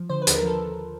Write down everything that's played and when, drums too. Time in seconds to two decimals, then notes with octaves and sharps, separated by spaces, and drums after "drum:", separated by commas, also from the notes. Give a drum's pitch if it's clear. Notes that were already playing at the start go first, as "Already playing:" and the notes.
Already playing: F3
0.09 D3 C5
0.22 B4
0.27 D#2, drum: hi-hat
0.35 A#4
0.43 F3 A4